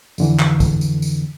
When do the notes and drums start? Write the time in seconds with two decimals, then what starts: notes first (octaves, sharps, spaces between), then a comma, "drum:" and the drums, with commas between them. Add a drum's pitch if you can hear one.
0.18 F2 D3 E3, drum: tambourine
0.39 drum: clap
0.60 drum: kick, tambourine
0.81 drum: tambourine
1.02 drum: tambourine